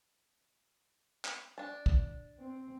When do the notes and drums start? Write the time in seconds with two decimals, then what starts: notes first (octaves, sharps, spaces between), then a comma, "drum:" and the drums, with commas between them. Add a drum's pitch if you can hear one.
1.25 drum: clap
1.58 D4 A5
1.86 drum: kick
2.39 C4